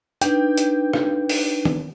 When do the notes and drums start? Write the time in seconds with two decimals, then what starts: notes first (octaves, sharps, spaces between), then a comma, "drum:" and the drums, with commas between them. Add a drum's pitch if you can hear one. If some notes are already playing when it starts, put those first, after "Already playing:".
0.22 D4 D#4 B4 G5, drum: hi-hat
0.57 drum: hi-hat
0.93 drum: rim click
1.29 drum: open hi-hat
1.65 drum: tom D#3